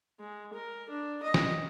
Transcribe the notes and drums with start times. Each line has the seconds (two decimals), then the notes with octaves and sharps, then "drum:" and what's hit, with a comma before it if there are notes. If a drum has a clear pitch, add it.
0.19 G#3
0.53 A#4
0.89 D4
1.23 D#5
1.34 drum: snare